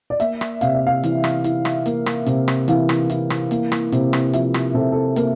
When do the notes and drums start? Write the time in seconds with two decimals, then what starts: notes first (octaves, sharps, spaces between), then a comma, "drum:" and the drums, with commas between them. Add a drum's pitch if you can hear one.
0.10 D5
0.20 A#3 E5, drum: hi-hat
0.41 drum: rim click
0.61 C3 F5, drum: hi-hat
0.75 E5
0.87 F5
1.04 E3, drum: hi-hat
1.24 drum: rim click
1.44 E4, drum: hi-hat
1.65 drum: rim click
1.86 A#3, drum: hi-hat
2.06 drum: rim click
2.26 C3, drum: hi-hat
2.48 drum: rim click
2.68 E3 F5, drum: hi-hat
2.89 drum: rim click
3.10 E4, drum: hi-hat
3.30 drum: rim click
3.51 A#3, drum: hi-hat
3.72 drum: rim click
3.92 C3, drum: hi-hat
4.13 drum: rim click
4.33 F3 E5, drum: hi-hat
4.54 drum: rim click
4.74 C3 A4
4.92 A4
5.16 A#3 A#4, drum: hi-hat